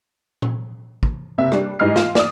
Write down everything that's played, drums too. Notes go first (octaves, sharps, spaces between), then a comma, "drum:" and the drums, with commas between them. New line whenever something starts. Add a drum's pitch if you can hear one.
drum: tom A#2
drum: kick
F#1 C3 E5
G3 D4, drum: rim click
G#2 E3 G3 D#5 F6 C7
F4, drum: snare
D5 D#6, drum: snare